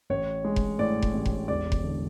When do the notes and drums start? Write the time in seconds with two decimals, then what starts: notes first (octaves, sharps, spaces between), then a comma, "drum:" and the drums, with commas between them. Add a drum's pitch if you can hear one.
0.10 A1 C#5
0.44 G#3
0.56 drum: kick F1
0.79 A2 D5
1.02 drum: kick F1
1.14 A1
1.26 drum: kick F1
1.48 E1 D5
1.72 drum: kick F1
1.84 D3